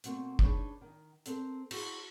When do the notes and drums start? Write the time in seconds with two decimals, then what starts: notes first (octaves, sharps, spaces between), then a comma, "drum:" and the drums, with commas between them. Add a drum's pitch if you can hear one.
0.04 B2 A3 A#3 C4, drum: hi-hat
0.39 D4 D#4 G#4 B4 C#5 D#5, drum: kick
0.81 D#3
1.26 C4 A4 A#4, drum: hi-hat
1.71 E4 F#4 G#4 C5, drum: cymbal